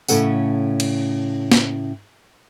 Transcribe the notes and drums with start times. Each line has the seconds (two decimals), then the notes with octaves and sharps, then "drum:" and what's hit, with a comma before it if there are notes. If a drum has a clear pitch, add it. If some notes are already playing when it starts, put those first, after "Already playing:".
0.08 A2 C#3 F#3 C#4 A4 F#5, drum: tambourine
0.80 drum: cymbal
1.52 drum: snare